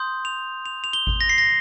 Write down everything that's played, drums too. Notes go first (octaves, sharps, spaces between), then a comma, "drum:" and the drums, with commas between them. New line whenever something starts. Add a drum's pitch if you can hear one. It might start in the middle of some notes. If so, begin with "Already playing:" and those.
Already playing: C6 D#6 G6
F7
F7
F7
G7
drum: kick G#1
A#6
C7
A#6